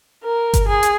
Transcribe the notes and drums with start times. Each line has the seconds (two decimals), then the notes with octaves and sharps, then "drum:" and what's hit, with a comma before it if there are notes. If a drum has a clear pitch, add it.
0.24 A#4
0.54 drum: kick G1, hi-hat
0.68 G#4
0.83 drum: hi-hat